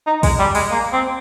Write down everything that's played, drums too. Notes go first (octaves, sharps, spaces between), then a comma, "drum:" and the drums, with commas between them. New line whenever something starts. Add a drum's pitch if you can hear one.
D#4
G#3, drum: kick, open hi-hat
G3
G#3, drum: open hi-hat
A#3
C4